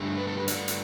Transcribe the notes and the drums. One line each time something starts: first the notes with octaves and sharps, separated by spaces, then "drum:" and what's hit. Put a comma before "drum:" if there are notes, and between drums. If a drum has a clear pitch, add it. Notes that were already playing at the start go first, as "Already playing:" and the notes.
Already playing: G2 D3 A3
B4
A4
G4 B4
A4 D5, drum: hi-hat
drum: hi-hat